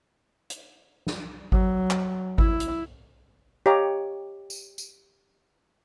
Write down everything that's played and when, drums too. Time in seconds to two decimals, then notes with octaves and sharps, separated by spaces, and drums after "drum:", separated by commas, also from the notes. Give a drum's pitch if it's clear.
0.50 drum: hi-hat
1.07 drum: snare
1.52 F#3, drum: kick G#1
1.90 drum: clap
2.38 E4, drum: kick G#1
2.60 drum: hi-hat
3.66 G4 C#5 D#5 F5 A#5 D6
4.50 drum: tambourine
4.78 drum: tambourine